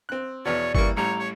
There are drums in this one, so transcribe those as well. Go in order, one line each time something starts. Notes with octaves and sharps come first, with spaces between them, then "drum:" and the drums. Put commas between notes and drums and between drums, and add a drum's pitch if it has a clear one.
C4 F#6
E2 B2 C#5 D5
E3 G3 A#3 C#6, drum: kick G1
A1 A2 G3 C#5 A#5
C#5